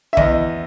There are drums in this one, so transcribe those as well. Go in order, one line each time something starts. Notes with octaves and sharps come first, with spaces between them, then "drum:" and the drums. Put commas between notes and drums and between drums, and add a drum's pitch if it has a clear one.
E5
E2 D#5, drum: kick